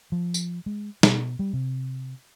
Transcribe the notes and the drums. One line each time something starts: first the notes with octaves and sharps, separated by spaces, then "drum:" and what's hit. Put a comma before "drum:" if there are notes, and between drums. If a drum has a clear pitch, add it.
F3
drum: tambourine
G#3
B2, drum: snare
G3
C3